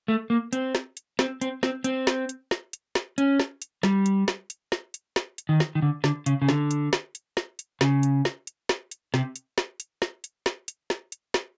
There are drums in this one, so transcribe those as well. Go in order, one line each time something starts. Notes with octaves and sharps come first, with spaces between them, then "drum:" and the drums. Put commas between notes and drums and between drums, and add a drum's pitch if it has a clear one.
A3
A#3
C4, drum: hi-hat
drum: snare
drum: hi-hat
C4, drum: snare
C4, drum: hi-hat
C4, drum: snare
C4, drum: hi-hat
drum: snare
drum: hi-hat
drum: snare
drum: hi-hat
drum: snare
C#4, drum: hi-hat
drum: snare
drum: hi-hat
G3, drum: snare
drum: hi-hat
drum: snare
drum: hi-hat
drum: snare
drum: hi-hat
drum: snare
drum: hi-hat
D#3
drum: snare
D#3
D3
D3, drum: snare
C#3, drum: hi-hat
C#3
D3, drum: snare
drum: hi-hat
drum: snare
drum: hi-hat
drum: snare
drum: hi-hat
C#3, drum: snare
drum: hi-hat
drum: snare
drum: hi-hat
drum: snare
drum: hi-hat
C3, drum: snare
drum: hi-hat
drum: snare
drum: hi-hat
drum: snare
drum: hi-hat
drum: snare
drum: hi-hat
drum: snare
drum: hi-hat
drum: snare